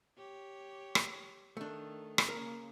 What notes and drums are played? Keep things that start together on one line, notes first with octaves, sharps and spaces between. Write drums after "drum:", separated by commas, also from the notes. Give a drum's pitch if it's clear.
G4 C#5
drum: rim click
D#3 A3 D4
drum: rim click
C#3 A#3 A#4